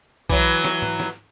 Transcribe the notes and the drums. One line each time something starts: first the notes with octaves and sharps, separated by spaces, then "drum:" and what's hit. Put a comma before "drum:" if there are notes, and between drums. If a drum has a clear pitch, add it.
E3 F#3, drum: kick B1, tambourine
drum: snare
drum: tom G#2
drum: snare